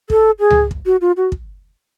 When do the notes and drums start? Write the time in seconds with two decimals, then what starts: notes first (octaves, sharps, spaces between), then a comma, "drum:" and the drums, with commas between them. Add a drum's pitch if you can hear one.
0.10 A4, drum: kick
0.40 G#4
0.50 drum: tom C#2
0.71 drum: kick
0.86 F#4
1.01 F4
1.17 F#4
1.32 drum: kick